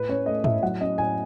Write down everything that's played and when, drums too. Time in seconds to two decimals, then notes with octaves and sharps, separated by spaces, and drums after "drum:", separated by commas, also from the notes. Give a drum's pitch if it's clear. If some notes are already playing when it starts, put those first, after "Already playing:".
Already playing: A2 B4
0.09 C#4 C#5
0.26 A3 D#5
0.44 A2 E5, drum: tom
0.63 F#3 F#5
0.80 C#4 D#5
0.98 A2 G#5